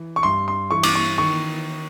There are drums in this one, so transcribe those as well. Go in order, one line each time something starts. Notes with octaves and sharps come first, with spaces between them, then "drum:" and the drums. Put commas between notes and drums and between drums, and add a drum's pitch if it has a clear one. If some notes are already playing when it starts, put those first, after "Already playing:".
Already playing: E3
C#6
G2 C6
C6
E3 C#6
D6, drum: cymbal
C#6
D#3 C#6